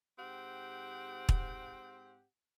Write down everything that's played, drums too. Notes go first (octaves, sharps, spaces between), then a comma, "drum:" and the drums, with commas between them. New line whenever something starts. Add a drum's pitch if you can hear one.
G#2 C4 G4 F#5
drum: kick